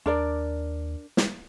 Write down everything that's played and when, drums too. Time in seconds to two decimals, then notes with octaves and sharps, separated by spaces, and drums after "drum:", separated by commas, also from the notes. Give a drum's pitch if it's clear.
0.06 D#2 D4 A#4 D5
1.17 drum: snare